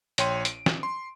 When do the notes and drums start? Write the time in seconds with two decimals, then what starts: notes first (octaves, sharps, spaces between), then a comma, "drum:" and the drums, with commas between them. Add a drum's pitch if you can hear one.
0.18 A#1 C#5 G5 C6 D#7, drum: hi-hat
0.45 D7, drum: hi-hat
0.66 drum: snare
0.83 C6